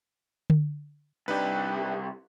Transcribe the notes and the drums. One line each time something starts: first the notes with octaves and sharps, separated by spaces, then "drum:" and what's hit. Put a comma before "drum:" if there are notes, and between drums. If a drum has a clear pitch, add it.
drum: tom D3
C2 D4 D#4 G4 B4